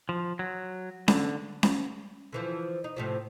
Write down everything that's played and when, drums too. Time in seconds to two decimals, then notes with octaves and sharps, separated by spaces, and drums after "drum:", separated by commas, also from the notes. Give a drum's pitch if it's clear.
0.09 F3
0.39 F#3
1.08 D3, drum: snare C#4
1.63 drum: snare C#4
2.33 D3 E3 F3
2.84 D#4
2.96 A2 C3 F3